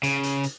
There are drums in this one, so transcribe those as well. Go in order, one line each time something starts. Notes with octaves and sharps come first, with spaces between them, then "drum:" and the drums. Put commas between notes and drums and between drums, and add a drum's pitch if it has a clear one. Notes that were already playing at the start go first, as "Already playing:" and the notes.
C#3, drum: hi-hat
drum: hi-hat
drum: hi-hat